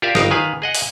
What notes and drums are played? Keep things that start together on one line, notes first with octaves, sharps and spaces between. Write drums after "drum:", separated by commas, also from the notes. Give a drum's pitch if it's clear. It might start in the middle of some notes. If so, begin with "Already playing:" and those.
F4 G4 A#4 D5 E5 F5
G1 D#4 F5, drum: rim click
D#3 G#4 B4 F5 G#5
G#4 D#5 F#5
drum: open hi-hat